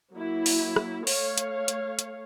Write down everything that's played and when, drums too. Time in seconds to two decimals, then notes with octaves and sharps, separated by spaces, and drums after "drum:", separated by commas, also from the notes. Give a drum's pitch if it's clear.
0.12 F#3 A#3 E4
0.46 drum: open hi-hat
0.76 drum: rim click
1.07 A3 C#5 F5, drum: open hi-hat
1.38 drum: hi-hat
1.68 drum: hi-hat
1.99 drum: hi-hat